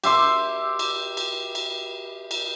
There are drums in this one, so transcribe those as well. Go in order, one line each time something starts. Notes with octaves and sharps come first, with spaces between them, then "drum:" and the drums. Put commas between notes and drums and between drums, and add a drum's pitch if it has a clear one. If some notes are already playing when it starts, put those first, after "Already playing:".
G4 E5 C6 D6, drum: cymbal
drum: cymbal
drum: cymbal
drum: cymbal
drum: cymbal